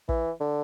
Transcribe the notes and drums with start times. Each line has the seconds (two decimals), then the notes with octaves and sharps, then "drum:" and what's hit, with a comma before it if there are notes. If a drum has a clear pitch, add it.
0.09 E3, drum: kick
0.40 D3